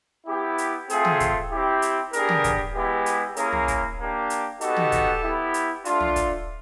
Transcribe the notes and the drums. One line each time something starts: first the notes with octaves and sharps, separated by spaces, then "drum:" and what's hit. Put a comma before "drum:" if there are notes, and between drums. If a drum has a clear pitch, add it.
B3 E4 G4
drum: hi-hat
A3 C4 F4 G#4, drum: hi-hat
drum: tom
drum: kick, hi-hat
C4 E4 G4
drum: hi-hat
B3 D4 G4 G#4 A#4, drum: hi-hat
drum: tom
drum: kick, hi-hat
G#3 B3 E4 G4
drum: hi-hat
A#3 C#4 E4 G#4 A#4, drum: hi-hat
drum: tom
drum: kick, hi-hat
A#3 D4 G4
drum: hi-hat
B3 D#4 F#4 G4 A4, drum: hi-hat
drum: tom
drum: kick, hi-hat
B3 E4 G4
drum: hi-hat
A3 D4 F4, drum: hi-hat
drum: tom
drum: kick, hi-hat